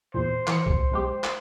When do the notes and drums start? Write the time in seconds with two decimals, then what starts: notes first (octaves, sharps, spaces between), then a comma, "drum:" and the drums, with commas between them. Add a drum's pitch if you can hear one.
0.14 E2 A#2 C5
0.47 E3 C5 C#7, drum: clap
0.66 drum: kick C2
0.92 B1 G#3 G4
1.24 drum: clap